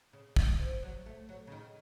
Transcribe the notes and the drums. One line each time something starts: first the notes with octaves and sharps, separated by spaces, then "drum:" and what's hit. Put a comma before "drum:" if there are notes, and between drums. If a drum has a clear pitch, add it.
C#3
D#3, drum: kick
F3
F#3
A3
F#3
C#3
D#3